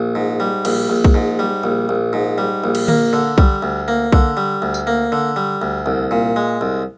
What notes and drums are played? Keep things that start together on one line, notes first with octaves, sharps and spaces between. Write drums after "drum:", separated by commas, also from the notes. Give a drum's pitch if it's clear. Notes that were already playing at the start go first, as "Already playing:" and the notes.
Already playing: A#1
G#2
G3
A#1, drum: cymbal
A#1
drum: kick B1
G#2
G3
A#1
A#1
G#2
G3
A#1
drum: cymbal
A#3, drum: tom D3
D3
G3, drum: kick B1
D2
A#3
D3, drum: kick B1
G3
D2
drum: tambourine
A#3
D3
G3
D2
C2
A#2
G#3
C2